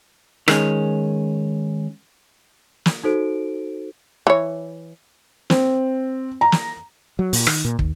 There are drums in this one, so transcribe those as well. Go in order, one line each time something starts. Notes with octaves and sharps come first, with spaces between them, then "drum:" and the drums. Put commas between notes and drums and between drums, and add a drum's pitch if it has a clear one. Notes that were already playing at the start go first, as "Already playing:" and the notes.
D#3 G#3 C#4, drum: rim click
drum: snare
D#4 F#4 A4 C5 D7
E3 C#5
C4, drum: snare
A#5
drum: snare
F#3
A#2, drum: open hi-hat
D#3, drum: rim click
A#2
D#2, drum: kick